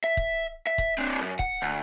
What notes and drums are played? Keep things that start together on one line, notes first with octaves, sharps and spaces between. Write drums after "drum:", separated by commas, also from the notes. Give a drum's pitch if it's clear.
E5
drum: kick
E5
drum: kick, hi-hat
C4 D4
F#2
F#5, drum: kick
D2, drum: hi-hat